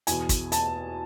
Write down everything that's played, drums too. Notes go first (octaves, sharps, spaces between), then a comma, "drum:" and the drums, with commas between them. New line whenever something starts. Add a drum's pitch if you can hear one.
E2 B2 G#5, drum: hi-hat
drum: kick, hi-hat
A5, drum: hi-hat